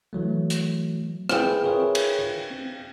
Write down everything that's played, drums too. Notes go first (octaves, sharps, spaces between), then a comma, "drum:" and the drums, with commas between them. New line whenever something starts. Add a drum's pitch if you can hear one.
E3 F#3 A3
drum: hi-hat
C4 E4 F4 G#4 B4 G5, drum: rim click
F4 G#4 A#4 B4 C#5 E5
drum: cymbal
C4